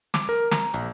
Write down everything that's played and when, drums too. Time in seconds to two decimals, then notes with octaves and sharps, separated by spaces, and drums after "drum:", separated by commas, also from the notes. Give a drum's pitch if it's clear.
0.14 D6, drum: snare
0.29 A#4
0.52 A#5, drum: snare
0.74 A#1, drum: hi-hat